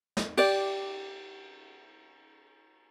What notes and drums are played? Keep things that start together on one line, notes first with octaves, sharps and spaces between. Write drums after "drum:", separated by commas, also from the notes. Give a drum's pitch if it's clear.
drum: snare
G4 D5, drum: cymbal